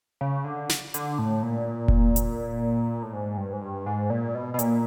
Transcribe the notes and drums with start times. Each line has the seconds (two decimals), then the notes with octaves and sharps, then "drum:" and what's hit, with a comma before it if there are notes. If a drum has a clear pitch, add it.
0.21 C#3
0.45 D3
0.69 drum: snare
0.94 D3, drum: hi-hat
1.18 A2
1.43 A#2
1.88 drum: kick F1
2.16 drum: hi-hat
3.03 A2
3.13 G#2
3.37 G2
3.53 G#2
3.61 G2
3.86 G#2
4.10 A#2
4.35 B2
4.54 B2
4.59 A#2, drum: hi-hat